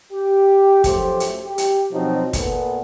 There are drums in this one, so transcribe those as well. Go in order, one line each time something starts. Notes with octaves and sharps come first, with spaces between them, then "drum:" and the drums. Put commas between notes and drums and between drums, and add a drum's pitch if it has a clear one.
G4
F#2 F3 A3 G4 C5, drum: kick, hi-hat
drum: hi-hat
G4
drum: hi-hat
B2 F3 F#3 C4 D#4
A#2 A3 B3, drum: kick, hi-hat